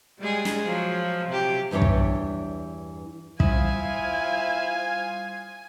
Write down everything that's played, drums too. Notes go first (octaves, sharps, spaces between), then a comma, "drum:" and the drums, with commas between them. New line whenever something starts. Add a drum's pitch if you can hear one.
G3 G#3 G#4
drum: snare
F3 F#3
C3 F#3 G4
E2 G2 E3 D4 C#5
drum: kick
G3 E4 F4 C5 F5 G#5 D#6, drum: kick